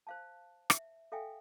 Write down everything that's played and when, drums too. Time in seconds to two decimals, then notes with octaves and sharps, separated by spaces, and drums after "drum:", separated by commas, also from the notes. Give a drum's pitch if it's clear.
0.07 C5 F5 A5
0.70 E5, drum: rim click
1.12 A4 E5 F5 G5 G#5